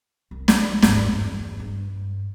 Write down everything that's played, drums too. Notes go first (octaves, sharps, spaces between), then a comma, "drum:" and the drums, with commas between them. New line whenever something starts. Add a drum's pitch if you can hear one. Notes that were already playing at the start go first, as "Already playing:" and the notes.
C2
D#3 F3, drum: snare
G#1 D#2, drum: snare
E2 G2
G2